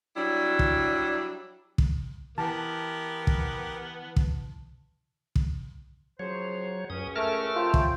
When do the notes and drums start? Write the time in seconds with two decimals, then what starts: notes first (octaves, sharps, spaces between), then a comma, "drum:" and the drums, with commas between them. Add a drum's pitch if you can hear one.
0.17 F#3 G3 D4 E4
0.59 drum: kick
1.78 drum: kick
2.38 E3 B3 G4 A#4 A5
3.27 drum: kick
4.16 drum: kick
5.36 drum: kick
6.19 C#3 F3 F#3 C5 C#5
6.90 C#2 F#2 C#4 D#6
7.16 A3 A#4 A5 F6
7.56 C3 C#4 F4 G5
7.74 drum: kick